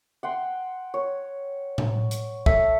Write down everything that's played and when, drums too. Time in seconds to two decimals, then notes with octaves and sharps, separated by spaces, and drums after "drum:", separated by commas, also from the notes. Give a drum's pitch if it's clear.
0.23 F#5 G5 C6
0.94 C#5
1.78 drum: tom A2
2.11 drum: hi-hat
2.46 A4 E5, drum: kick